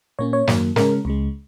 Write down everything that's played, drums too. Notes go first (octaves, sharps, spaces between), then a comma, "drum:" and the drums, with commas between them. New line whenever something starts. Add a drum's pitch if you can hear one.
A#2 A#3 C#4 C#5
C#5
F#2 D#3 F#3 A#3, drum: snare
C#3 G#3 C#4 A#4, drum: snare
C#2 C#3 G#3